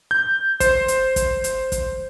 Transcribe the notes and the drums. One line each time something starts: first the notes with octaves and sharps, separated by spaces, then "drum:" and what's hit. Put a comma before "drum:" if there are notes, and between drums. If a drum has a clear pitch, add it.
G6
C5, drum: kick, hi-hat
drum: hi-hat
drum: kick, hi-hat
drum: hi-hat
drum: kick, hi-hat